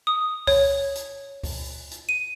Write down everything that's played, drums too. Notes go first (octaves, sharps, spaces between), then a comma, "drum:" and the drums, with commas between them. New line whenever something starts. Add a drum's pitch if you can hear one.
D#6
C#5, drum: kick C#2, open hi-hat
drum: hi-hat
drum: kick C#2, open hi-hat
drum: hi-hat
D#7